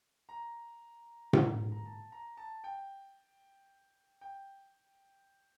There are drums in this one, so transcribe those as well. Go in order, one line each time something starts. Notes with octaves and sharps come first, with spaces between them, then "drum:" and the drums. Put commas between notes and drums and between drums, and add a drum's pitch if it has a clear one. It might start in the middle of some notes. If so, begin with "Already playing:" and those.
A#5
drum: tom A2
A#5
A5
A#5
A5
G5
G5